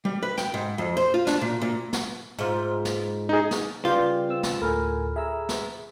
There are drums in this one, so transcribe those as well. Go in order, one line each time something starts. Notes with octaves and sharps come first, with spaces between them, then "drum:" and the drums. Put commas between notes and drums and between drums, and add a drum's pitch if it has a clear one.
G3
B4
G5, drum: snare
G#2
F2
C5
F4
D4, drum: snare
A#2
A#2
drum: snare
G#2 F4
drum: snare
D#4 G#4
drum: snare
C#3 G3 F4 G4 B4 D5 G5
C4 E6
drum: snare
D2 A2 A4 A#4 G#5 B5 F6
G#4 E5 A#5 E6
drum: snare